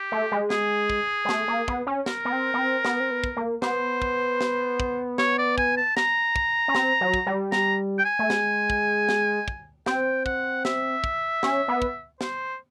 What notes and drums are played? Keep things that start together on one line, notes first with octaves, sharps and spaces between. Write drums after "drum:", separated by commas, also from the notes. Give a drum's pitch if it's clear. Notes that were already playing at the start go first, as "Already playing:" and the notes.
Already playing: G4
A3
G#3
G#4, drum: snare
drum: kick
G#3
A3, drum: snare
A#3
B3, drum: kick
C#4
A#4, drum: snare
B3
C4
B3
C4
B3, drum: snare
C4
B3
drum: kick
A#3
B3 C5, drum: snare
drum: kick
drum: snare
drum: kick
C#5, drum: snare
D5
G#5, drum: kick
A5
A#5, drum: snare
drum: kick
C#4
C4, drum: snare
F#3
drum: kick
G3
A#5, drum: snare
G5
G#5
A3
G#3, drum: snare
drum: kick
drum: snare
drum: kick
C4 G5, drum: snare
F#5, drum: kick
E5, drum: snare
drum: kick
C#4, drum: snare
B3
drum: kick
C5, drum: snare